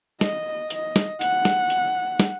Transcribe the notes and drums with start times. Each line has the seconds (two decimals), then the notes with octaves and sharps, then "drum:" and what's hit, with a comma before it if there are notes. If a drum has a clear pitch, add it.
0.21 D#5, drum: snare
0.70 D#5, drum: hi-hat
0.96 drum: snare
1.21 F#5, drum: hi-hat
1.45 drum: snare
1.70 drum: hi-hat
2.20 drum: snare